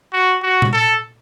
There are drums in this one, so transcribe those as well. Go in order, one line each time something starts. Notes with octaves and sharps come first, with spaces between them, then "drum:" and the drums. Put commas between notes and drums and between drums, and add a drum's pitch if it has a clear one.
F#4
F#4
drum: tom A#2
A4